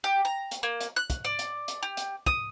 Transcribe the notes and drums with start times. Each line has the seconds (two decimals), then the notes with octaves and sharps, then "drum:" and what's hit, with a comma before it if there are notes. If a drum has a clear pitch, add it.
0.04 G4
0.25 A#5
0.51 drum: hi-hat
0.63 A#3
0.81 drum: hi-hat
0.96 F#6
1.10 drum: kick, hi-hat
1.25 D5
1.39 drum: hi-hat
1.68 drum: hi-hat
1.83 G4
1.97 drum: hi-hat
2.26 D#6, drum: kick